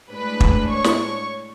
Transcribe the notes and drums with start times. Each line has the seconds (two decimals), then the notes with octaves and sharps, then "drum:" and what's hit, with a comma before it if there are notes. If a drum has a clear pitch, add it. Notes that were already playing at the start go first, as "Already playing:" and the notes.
0.11 A2 G#3 D4 B4 B5
0.40 drum: kick
0.69 C#5 C#6
0.84 drum: snare